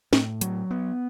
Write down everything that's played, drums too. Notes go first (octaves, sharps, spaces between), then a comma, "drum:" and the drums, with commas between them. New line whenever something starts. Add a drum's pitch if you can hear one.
A2, drum: snare
F#3, drum: hi-hat
B3